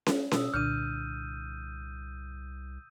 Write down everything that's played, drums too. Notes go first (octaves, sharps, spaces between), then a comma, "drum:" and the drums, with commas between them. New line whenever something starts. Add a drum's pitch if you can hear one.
drum: snare C#4
B2 D#6 E6, drum: snare C#4
C2 A#2 D3 D4 F6 G6 D#7